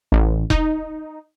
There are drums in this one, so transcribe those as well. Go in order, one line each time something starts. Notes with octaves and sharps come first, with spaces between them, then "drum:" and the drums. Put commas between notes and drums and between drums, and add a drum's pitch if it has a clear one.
A1
D#4, drum: kick E1